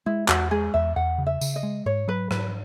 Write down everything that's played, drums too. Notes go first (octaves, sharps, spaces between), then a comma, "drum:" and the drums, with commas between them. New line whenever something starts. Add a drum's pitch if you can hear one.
G#3 E4
E2 F#4, drum: clap
G#3 G#4
E2 E5
E2 F#5
C#3
E5
C#3, drum: tambourine
D#5
G#3
G#2 C#5
F#3 B4
G#2 B4, drum: rim click